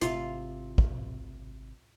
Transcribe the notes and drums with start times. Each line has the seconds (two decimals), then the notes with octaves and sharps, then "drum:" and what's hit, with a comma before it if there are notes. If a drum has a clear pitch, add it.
0.01 G#1 C3 F4, drum: hi-hat
0.78 drum: kick